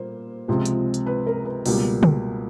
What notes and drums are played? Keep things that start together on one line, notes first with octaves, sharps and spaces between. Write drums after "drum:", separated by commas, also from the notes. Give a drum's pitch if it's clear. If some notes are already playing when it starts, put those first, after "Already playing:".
Already playing: A#2 G3 A#3 C5
C#2 C3 F3 G#3 C4
drum: hi-hat
drum: hi-hat
B4
A#4
B4
C#2 B2 G3 A#3, drum: open hi-hat
drum: tom